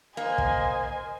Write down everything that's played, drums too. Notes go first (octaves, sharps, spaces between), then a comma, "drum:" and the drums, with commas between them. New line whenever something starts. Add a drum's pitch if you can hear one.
A#3 C5 D#5 G#5
drum: kick